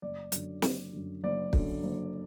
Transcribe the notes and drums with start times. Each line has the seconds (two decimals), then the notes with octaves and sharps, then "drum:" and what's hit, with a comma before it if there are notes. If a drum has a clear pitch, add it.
0.02 F#1 D5
0.32 F#2 D3, drum: hi-hat
0.62 F#1, drum: snare
0.93 F#2 D3
1.23 F#1 D5
1.53 F#2 D3, drum: kick
1.83 F#1